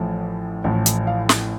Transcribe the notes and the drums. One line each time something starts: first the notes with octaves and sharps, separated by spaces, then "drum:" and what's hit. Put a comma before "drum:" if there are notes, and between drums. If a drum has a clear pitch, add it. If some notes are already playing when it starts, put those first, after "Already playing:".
Already playing: A1 A2 F3
A1 A2 F3
drum: hi-hat
F5
drum: snare